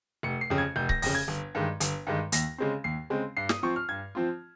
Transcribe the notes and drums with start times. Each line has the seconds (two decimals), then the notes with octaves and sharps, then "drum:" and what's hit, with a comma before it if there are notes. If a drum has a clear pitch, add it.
0.23 F1 C#7
0.41 C7
0.50 F2 C#3
0.58 G#6
0.76 F1 G6
0.89 A#6, drum: kick C#1
1.02 F2 C#3 A#6, drum: open hi-hat
1.15 G#6
1.28 G1
1.55 G2 D#3 G#3
1.80 G1, drum: hi-hat
2.07 G2 D#3 G#3
2.32 D#2 A#6, drum: hi-hat
2.58 C#3 G#3 C4
2.84 D#2 C7
3.10 C#3 G#3 C4
3.37 G2 C7
3.49 D#6, drum: snare
3.63 F3 C4 F4 C#6
3.76 F6
3.89 G2 G#6
4.15 F3 C4 F4